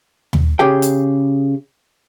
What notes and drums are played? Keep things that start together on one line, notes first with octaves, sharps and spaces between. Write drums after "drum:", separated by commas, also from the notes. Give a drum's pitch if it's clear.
drum: tom D#2
C#3 G4 G#4 G5
drum: hi-hat